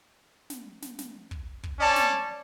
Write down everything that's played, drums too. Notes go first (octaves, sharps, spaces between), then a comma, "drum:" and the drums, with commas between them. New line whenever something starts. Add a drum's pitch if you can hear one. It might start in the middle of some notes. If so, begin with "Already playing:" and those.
drum: snare
drum: snare
drum: snare
drum: kick
drum: kick
C#4 D5 A5
drum: snare